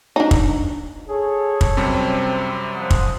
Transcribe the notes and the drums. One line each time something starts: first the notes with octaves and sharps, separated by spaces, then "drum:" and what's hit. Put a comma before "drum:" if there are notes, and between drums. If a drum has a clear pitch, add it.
D4 D#4
drum: kick
G#4 A4 C#5
drum: kick
F#2 C3 G3 C4
F3 F#5 C6 D#6
drum: kick